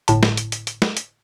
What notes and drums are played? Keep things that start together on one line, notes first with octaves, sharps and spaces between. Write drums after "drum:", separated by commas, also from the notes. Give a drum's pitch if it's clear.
G1 A2 A5, drum: hi-hat
drum: snare
drum: hi-hat
drum: hi-hat
drum: hi-hat
drum: snare
drum: hi-hat